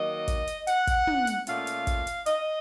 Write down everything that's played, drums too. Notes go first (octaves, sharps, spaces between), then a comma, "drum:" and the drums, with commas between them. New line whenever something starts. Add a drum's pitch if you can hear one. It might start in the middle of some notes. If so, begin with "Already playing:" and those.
Already playing: D#3 F#3 A#3 D#5
drum: kick, hi-hat
drum: hi-hat
F#5, drum: hi-hat
drum: kick, hi-hat
drum: tom
drum: hi-hat
A#2 A3 C#4 F4 F5, drum: hi-hat
drum: hi-hat
drum: kick, hi-hat
drum: hi-hat
D#5, drum: hi-hat